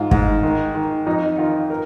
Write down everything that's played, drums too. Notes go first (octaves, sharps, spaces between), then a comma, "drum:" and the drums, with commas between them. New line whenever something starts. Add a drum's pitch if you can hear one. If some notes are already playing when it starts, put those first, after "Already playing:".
Already playing: G#2 F4
G#2, drum: kick
D#3
D#3
F2 D#4
D#3 F4
A#4